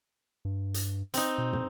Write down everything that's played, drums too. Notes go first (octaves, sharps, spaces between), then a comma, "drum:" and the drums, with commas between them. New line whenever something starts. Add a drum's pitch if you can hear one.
G2
drum: hi-hat
C4 D#4, drum: hi-hat
B2
drum: tom